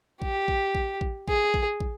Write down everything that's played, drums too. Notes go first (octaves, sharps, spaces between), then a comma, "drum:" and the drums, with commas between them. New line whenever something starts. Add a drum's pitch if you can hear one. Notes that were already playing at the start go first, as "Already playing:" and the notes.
G4, drum: kick
drum: kick
drum: kick
drum: kick
G#4, drum: kick
drum: kick
drum: kick